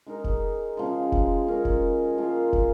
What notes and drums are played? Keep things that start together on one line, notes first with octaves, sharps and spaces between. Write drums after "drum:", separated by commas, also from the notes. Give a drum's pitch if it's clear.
G#3 D#4 A#4
drum: kick
C#3 F3 G#3
drum: kick
G#3 C#4 A#4
drum: kick
F3 A#3 F4 G#4
drum: kick